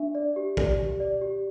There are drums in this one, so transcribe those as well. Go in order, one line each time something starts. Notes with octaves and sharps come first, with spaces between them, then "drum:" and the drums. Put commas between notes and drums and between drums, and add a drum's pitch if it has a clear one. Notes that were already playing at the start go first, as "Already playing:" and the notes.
Already playing: D4 E5
D5
G4
D5, drum: kick
G4
D5
G4